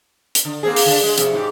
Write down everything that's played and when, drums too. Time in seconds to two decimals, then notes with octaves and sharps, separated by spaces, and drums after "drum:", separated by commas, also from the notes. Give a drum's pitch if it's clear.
0.35 drum: hi-hat
0.45 D3
0.63 A#3 C4 G#4
0.76 drum: open hi-hat
0.86 D3 D4
1.03 G#3
1.18 F2 C3, drum: hi-hat
1.33 G#2 C#4 G4